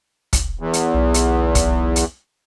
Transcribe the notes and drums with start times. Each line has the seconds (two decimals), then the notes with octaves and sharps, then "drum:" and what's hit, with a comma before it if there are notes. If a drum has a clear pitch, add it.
0.33 drum: kick, hi-hat
0.59 E2
0.73 drum: hi-hat
0.94 B1
1.14 drum: hi-hat
1.55 drum: kick, hi-hat
1.96 drum: hi-hat